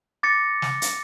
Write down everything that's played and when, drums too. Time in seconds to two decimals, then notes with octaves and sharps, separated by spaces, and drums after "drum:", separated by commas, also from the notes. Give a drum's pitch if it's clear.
0.23 D6 A6 A#6 C#7
0.62 drum: snare
0.82 drum: hi-hat